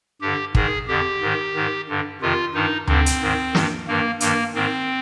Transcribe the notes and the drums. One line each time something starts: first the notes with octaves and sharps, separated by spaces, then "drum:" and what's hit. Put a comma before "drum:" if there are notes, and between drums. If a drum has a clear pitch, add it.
G2 D3 G4
G#2 D#3 G#4, drum: kick
F2 D3 G4
G#2 D#3
G#2 D#3
G2 D3
F2 C3 D#3 F4
G2 D#3 D#4
G2 D3 C4, drum: tom D2
drum: hi-hat
G#2 D#3
G2 D#3, drum: snare
G2 D#3 A#3
G2 D#3 A#3, drum: hi-hat
G#2 D#3 C4